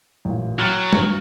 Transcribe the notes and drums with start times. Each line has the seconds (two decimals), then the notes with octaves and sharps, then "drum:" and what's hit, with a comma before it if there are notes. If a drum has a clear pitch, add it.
0.25 A1 A#2
0.59 F#3 F#4 G5 F6 A6 C#7
0.93 G2, drum: tom G3